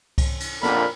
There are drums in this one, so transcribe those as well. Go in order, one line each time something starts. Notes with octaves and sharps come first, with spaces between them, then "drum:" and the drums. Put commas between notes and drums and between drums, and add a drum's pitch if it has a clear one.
drum: kick C2, cymbal
drum: cymbal
F2 A#2 D3 A#4 B5, drum: snare